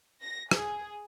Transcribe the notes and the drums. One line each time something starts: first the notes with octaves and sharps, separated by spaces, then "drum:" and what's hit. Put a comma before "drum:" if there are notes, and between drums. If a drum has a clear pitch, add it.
A#6
G#4, drum: rim click